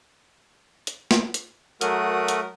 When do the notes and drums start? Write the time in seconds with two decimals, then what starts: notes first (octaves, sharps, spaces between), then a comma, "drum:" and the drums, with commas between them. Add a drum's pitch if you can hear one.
0.87 drum: hi-hat
1.11 drum: snare
1.34 drum: hi-hat
1.81 F#3 A3 F#4 A#4 D#6, drum: hi-hat
2.28 drum: hi-hat